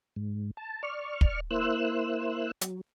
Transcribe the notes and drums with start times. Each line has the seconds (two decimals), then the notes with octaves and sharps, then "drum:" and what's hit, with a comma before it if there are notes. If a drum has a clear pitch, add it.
0.16 G#2
0.57 A5
0.83 D5 C#6 F6
1.21 drum: kick
1.51 A#3 E4 C5 E6 F#6
2.61 F#3, drum: hi-hat